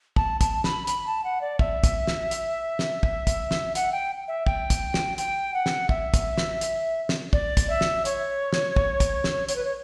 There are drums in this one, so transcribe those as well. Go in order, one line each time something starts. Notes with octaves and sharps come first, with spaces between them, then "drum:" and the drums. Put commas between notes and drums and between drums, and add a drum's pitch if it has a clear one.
A5, drum: kick
A5, drum: kick, hi-hat
B5, drum: snare
B5, drum: hi-hat
A5
F#5
D5
E5, drum: kick
drum: kick, hi-hat
drum: snare
drum: hi-hat
drum: snare
drum: kick
drum: kick, hi-hat
drum: snare
F#5, drum: hi-hat
G5
E5
G5, drum: kick
drum: kick, hi-hat
drum: snare
G5, drum: hi-hat
F#5
drum: snare
E5, drum: kick
drum: kick, hi-hat
drum: snare
drum: hi-hat
drum: snare
D5, drum: kick
drum: kick, hi-hat
E5
drum: snare
C#5, drum: hi-hat
drum: snare
drum: kick
drum: kick, hi-hat
drum: snare
C#5, drum: hi-hat
B4
C#5